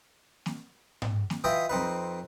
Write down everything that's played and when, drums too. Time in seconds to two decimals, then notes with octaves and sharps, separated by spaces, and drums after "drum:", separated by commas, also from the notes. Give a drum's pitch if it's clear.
0.46 drum: snare A#3
1.02 drum: tom G#2
1.30 drum: snare A#3
1.44 E3 F4 D#5 E5 G5 B5
1.69 F2 C4 D#4 B4